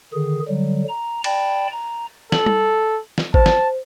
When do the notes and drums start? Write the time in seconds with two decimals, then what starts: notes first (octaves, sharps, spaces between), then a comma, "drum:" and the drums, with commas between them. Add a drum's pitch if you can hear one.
0.14 D3 D#3 G#4
0.48 D3 F#3 G3
0.89 A#5
1.24 D5 G5 A5 B5, drum: cymbal
1.72 A#5
2.32 A4 F#7, drum: snare
2.46 drum: tom G3
3.18 drum: snare
3.34 C5 A5, drum: kick G#1
3.46 drum: snare